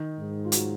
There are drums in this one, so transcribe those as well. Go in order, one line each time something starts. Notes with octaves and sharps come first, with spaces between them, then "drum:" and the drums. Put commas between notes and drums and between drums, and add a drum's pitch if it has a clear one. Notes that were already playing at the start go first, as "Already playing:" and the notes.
Already playing: D#3 D#4
G#2
F4
F#3 F#4, drum: hi-hat